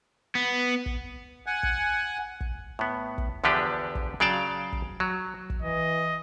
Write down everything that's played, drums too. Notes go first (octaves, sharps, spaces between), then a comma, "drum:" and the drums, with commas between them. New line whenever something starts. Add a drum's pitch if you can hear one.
B3
drum: kick
F#5 G#5
drum: kick
drum: kick
A2 B3
drum: kick
E2 D3 F3 D4 G4 B4
drum: kick
C#3 F#3 D5 F5 G5 A5
drum: kick
F#3
drum: kick
E3 D#5